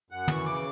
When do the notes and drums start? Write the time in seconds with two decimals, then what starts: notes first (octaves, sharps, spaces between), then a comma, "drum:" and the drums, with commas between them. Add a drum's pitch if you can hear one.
0.11 F#2 F#5
0.28 E3 C#6, drum: tom
0.46 C#3 D6